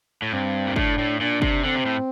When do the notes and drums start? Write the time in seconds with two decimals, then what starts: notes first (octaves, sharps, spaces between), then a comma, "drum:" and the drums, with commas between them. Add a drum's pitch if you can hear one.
0.22 A2
0.32 G2 C4
0.67 A#2
0.76 A2 D4, drum: kick
0.98 A2
1.21 A#2 D4
1.42 C3, drum: kick
1.64 D3 C4
1.76 C3
1.86 A2